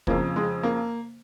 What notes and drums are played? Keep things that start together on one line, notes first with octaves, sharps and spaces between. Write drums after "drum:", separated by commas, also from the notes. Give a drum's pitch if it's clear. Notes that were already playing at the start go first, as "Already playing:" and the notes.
F2 C#3 F3 A#3, drum: kick
G#3
A#3